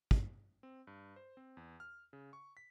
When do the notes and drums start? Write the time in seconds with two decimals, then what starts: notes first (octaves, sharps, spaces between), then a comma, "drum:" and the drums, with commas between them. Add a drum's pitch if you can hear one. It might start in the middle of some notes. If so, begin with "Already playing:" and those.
0.11 drum: kick
0.63 C4
0.87 G2
1.16 C5
1.37 C4
1.57 E2
1.80 F6
2.13 C#3
2.33 C#6
2.57 B6